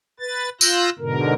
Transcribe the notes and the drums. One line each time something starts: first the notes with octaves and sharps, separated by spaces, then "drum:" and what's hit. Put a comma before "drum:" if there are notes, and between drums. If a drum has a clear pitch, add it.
B4 A6
F4 E6 F#6 G6 A#6, drum: tambourine
G#2 B2 D3 A#4